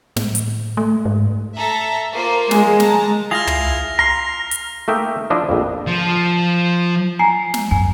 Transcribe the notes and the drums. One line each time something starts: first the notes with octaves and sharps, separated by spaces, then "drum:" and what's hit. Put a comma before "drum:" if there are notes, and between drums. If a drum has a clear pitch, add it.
A2, drum: snare
drum: hi-hat
A3
G#2
A4 E5 A#5
A#3 F4 C5
G#3 G#5, drum: snare
A5 A#5, drum: snare
E4 F4 G#4 F6 A#6 F7
drum: tom
A#5 C6 F6
drum: hi-hat
A3 A#3 D#4 E5 G5
F3 D4 E4 D#5
A#1 F2
F3
G#5 A#5 C7
drum: snare
F#2 G#5